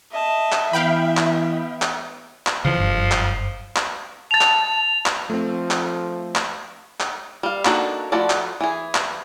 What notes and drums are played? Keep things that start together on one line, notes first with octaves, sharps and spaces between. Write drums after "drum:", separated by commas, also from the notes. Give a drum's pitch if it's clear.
D#5 E5 A5
drum: clap
E3 B3 F5 G5 B5
drum: clap
drum: clap
drum: clap
C#3 E3 F3
F#1 G2
drum: clap
drum: clap
A5 A6 F7
drum: clap
drum: clap
F3 A3 C4
drum: clap
drum: clap
drum: clap
G3 F5
A#3 D4 D#4 F#4 A4, drum: clap
F3 A3 E4 F#4 D5
drum: clap
E3 G#4
drum: clap